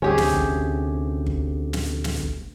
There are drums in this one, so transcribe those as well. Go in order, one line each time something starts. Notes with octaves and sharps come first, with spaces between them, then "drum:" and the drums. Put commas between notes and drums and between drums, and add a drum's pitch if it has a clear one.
D2 C3 C#4 G4 G#4
drum: snare
drum: kick G1
drum: kick G1
drum: snare
drum: snare
drum: kick G1